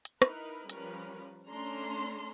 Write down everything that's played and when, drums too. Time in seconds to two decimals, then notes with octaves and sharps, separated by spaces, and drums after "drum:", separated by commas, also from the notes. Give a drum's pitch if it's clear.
0.05 drum: hi-hat
0.22 D#4 E4 A#4 B4, drum: rim click
0.70 F3 G3 C#4 A#4 B4, drum: hi-hat
1.48 A3 C#4 D4 A5 A#5 C6